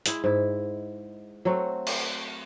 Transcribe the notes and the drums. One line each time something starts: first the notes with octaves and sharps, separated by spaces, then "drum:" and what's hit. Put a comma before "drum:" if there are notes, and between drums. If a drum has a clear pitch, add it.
G#3 E4, drum: hi-hat
G#2 E4
F#3 A3 C4 F#4
drum: cymbal